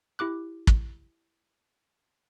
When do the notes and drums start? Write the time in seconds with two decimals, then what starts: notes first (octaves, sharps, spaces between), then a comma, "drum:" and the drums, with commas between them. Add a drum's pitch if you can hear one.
0.19 E4 G4 D6 F#6
0.67 drum: kick